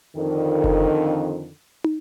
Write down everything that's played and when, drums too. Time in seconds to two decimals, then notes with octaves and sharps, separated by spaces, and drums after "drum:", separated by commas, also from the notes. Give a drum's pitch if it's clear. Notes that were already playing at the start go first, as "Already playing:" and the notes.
0.16 F2 D3 D#3
0.64 drum: kick F#1
1.84 drum: tom